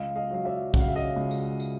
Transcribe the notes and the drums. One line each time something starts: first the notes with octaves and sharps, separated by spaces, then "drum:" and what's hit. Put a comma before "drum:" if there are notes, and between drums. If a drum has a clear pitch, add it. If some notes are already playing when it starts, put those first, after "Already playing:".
Already playing: C#2 D#5 F5
D#5 F5
F#3 F5
D5 E5
C#3 F#5, drum: kick
F5
E5
D#5 F5
C#2
drum: tambourine
drum: tambourine